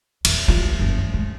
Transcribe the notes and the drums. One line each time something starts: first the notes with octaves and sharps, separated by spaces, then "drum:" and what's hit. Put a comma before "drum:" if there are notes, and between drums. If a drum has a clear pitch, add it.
E2, drum: cymbal
F4
A#3
F#1
G3
G#3